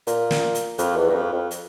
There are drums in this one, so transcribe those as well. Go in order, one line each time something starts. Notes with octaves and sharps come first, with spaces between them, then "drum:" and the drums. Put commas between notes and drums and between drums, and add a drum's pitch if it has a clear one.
A#2, drum: hi-hat
drum: snare
drum: hi-hat
F2, drum: hi-hat
E2
G2
F2
F2
drum: hi-hat